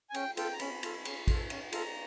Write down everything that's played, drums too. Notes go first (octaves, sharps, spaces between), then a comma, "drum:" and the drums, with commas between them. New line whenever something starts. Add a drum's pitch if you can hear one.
G#5
C#4 G5, drum: cymbal
F4 A4 G5, drum: cymbal
A#5
C#4 B5, drum: cymbal
F4 A4, drum: cymbal
C#4, drum: cymbal
F4 A4, drum: kick A1, cymbal
C#4, drum: cymbal
F4 A4 A#5, drum: cymbal